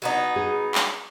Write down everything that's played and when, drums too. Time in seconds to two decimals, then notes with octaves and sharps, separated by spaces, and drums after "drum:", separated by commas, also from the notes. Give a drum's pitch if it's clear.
0.02 F#3 B3 D#4
0.36 G#4
0.75 drum: clap